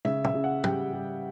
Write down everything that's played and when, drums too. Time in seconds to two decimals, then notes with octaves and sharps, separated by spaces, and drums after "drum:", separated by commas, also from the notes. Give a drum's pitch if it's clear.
0.05 C#3 E5, drum: tom
0.24 E5, drum: tom
0.34 C#3
0.44 F#5
0.64 G3 G5, drum: tom
0.93 G3